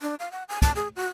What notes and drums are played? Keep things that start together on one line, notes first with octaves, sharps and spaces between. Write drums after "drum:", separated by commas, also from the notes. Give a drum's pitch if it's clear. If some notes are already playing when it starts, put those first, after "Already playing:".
D4
F5
F#5
G#5
A5, drum: kick, hi-hat
G#4
F#4